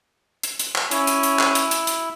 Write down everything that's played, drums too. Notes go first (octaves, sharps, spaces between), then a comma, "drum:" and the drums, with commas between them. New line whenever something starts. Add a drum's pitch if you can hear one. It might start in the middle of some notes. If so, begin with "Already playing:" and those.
drum: hi-hat
drum: hi-hat
drum: clap
C#4 E4, drum: hi-hat
drum: hi-hat
drum: hi-hat
drum: clap
drum: hi-hat
drum: hi-hat
drum: hi-hat